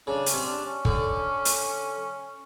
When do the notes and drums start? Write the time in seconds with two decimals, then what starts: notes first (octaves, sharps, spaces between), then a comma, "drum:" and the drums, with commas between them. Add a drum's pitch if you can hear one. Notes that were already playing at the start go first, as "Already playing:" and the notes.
0.07 C#3 D4
0.26 C#4, drum: hi-hat
0.33 C3
0.45 D4
0.65 C#4
0.85 D3, drum: kick
1.45 drum: hi-hat